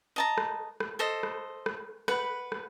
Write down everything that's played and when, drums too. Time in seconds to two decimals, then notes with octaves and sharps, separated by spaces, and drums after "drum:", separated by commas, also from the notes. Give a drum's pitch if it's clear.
0.16 D#5 A5 A#5
0.38 drum: rim click
0.80 drum: rim click
0.99 A4 C5 D#5
1.23 drum: rim click
1.66 drum: rim click
2.08 B4 F#5 B5, drum: rim click
2.52 drum: rim click